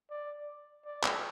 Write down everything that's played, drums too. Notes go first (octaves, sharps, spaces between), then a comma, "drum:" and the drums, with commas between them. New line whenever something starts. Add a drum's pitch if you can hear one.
D5
D5
drum: clap